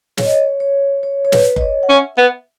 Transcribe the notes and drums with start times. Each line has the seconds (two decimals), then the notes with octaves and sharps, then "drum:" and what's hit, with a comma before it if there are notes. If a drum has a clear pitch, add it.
0.17 C#5, drum: snare
0.25 D#5
0.33 C#5
0.60 C#5
1.03 C#5
1.25 C#5
1.32 B4, drum: snare
1.56 D#5, drum: kick F#1
1.61 C#5
1.83 F#5
1.89 C#4 E5
2.18 B3